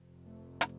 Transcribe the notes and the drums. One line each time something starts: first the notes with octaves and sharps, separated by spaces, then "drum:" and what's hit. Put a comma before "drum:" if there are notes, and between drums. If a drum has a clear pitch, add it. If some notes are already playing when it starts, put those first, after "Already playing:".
Already playing: F1 F2 C3
A3
drum: hi-hat